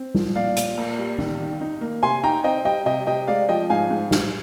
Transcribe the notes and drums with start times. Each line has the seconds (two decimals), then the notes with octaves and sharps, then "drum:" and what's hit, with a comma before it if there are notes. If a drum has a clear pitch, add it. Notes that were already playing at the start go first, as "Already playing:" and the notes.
Already playing: C4
0.15 F3, drum: tom G3
0.36 A#2 D5 F5
0.56 A#2, drum: hi-hat
0.77 A#3, drum: cymbal
0.99 G3
1.18 D#3, drum: tom
1.40 D#3
1.61 D#4
1.81 A#3
2.03 C3 G#5 C6
2.23 D#4 G5 A#5
2.44 C4 D#5 G5
2.65 G3 D#5 G5
2.86 C3 D#5 G5
3.07 C3 D#5 G5
3.27 G#3 D5 F5
3.49 F3 D#5 G5
3.70 G#2 F5 G#5
3.91 G#2
4.11 G3, drum: snare